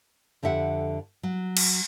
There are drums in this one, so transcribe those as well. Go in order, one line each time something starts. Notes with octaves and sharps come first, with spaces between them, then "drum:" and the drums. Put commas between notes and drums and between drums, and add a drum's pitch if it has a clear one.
F2 D3 G4 E5 F#5
F#3
drum: cymbal